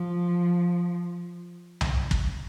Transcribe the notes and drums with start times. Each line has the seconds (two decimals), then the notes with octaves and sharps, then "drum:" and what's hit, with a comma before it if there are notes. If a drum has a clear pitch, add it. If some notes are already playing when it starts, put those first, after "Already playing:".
Already playing: F3
1.81 drum: tom C2
2.11 drum: kick